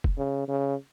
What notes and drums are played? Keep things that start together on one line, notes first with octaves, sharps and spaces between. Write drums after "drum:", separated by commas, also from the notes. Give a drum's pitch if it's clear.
drum: kick E1
C#3
C#3